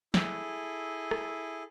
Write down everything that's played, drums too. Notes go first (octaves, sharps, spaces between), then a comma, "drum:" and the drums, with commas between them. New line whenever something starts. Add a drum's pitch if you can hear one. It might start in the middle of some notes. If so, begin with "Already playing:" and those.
E4 G#4 A4, drum: snare
drum: rim click